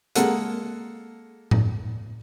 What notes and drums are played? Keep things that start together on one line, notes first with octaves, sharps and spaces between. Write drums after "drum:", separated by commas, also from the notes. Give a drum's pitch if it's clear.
G#3 A#3 A4 F#5, drum: hi-hat
drum: tom A2